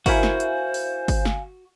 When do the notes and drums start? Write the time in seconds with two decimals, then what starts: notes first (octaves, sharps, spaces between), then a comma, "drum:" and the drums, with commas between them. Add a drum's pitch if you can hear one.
0.06 E4 F#4 A#4 C5 F5 G#5, drum: kick G1, open hi-hat
0.23 drum: snare
0.40 drum: hi-hat
0.74 drum: open hi-hat
1.08 drum: kick G1, open hi-hat
1.25 drum: snare